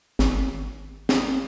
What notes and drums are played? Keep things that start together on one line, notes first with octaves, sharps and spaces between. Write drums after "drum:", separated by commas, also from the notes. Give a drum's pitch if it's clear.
G#1, drum: snare
drum: snare